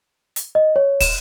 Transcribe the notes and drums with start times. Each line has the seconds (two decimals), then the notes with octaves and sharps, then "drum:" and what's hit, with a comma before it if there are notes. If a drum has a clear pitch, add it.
0.36 drum: hi-hat
0.55 D#5
0.76 C#5
1.01 E7, drum: kick, open hi-hat